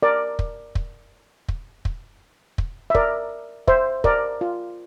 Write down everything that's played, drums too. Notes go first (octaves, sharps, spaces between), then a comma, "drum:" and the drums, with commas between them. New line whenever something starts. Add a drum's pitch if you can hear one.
A#4 D5
drum: kick
drum: kick
drum: kick
drum: kick
drum: kick
E5
A#4 D5, drum: kick
C5 E5, drum: kick
A#4 D5, drum: kick
F4